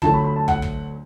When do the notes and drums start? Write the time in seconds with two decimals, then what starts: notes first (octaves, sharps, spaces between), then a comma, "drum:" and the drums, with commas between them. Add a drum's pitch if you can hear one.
0.02 D2 D3 F#3 A3 A5, drum: kick
0.14 B5
0.24 B5
0.36 A5
0.48 F#5, drum: kick
0.62 drum: kick